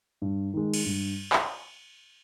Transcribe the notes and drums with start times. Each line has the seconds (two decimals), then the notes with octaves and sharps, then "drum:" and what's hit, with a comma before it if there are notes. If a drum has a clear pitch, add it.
0.22 G2
0.54 D#3 G#3
0.74 drum: cymbal
0.86 G2
1.33 drum: clap